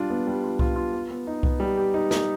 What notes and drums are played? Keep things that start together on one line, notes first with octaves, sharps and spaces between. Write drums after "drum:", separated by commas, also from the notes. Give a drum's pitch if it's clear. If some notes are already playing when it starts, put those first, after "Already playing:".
Already playing: G3 D4 F4
B3
G3
F4
F4, drum: kick C2
F4
B3
B3
D#4
B3, drum: kick C2
G3
G4
D#4
D#4, drum: snare